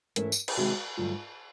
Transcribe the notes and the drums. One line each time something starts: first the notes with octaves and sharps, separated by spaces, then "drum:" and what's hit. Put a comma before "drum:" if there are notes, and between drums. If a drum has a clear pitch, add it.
G#2 E3 A3 C#4 E4 A#4, drum: hi-hat
drum: tambourine
drum: cymbal
C3 D#3 G#3 F#4
G2 D3 F#3 A3 F4